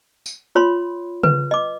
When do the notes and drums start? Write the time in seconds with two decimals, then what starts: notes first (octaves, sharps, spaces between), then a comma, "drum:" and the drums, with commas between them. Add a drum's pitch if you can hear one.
0.26 drum: tambourine
0.55 F4 C#5 B5 C6
1.23 B4, drum: tom C#3
1.51 D#5 D6